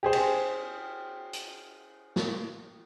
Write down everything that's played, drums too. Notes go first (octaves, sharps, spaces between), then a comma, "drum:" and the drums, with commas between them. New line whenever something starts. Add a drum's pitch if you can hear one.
G4 G#4 C5
drum: cymbal
drum: hi-hat
drum: snare